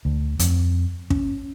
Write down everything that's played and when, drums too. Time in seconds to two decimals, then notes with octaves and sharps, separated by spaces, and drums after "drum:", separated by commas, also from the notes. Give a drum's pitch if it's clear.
0.05 D2
0.39 F2, drum: hi-hat
1.10 C#4, drum: kick